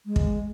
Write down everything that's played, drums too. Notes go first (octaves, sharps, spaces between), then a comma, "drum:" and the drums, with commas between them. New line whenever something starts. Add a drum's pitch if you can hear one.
G#3
drum: kick